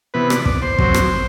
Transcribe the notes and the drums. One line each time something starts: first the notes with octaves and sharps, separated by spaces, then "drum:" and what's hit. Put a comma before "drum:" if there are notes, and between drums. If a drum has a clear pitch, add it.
C3 E3 B3 B4
D5, drum: rim click
D5, drum: kick
C5
F#2 F#3 C4, drum: kick
drum: rim click